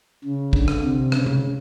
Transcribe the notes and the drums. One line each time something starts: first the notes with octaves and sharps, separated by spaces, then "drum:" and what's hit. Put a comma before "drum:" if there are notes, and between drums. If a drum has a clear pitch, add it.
C#3
D3, drum: kick
drum: rim click
C3
C#3, drum: rim click
drum: tom C3